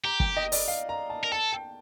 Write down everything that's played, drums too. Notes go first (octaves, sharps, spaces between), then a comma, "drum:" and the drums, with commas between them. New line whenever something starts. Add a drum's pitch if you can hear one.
G4 A#5
G5, drum: kick
D#5
D5, drum: open hi-hat
F5
A#5
A5
A#4
A4 A5
G5